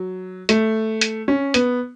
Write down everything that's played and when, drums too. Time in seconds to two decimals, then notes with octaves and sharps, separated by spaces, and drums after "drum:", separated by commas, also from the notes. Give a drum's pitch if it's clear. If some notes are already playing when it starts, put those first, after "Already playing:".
Already playing: F#3
0.49 A3, drum: hi-hat
1.01 drum: hi-hat
1.28 C#4
1.54 B3, drum: hi-hat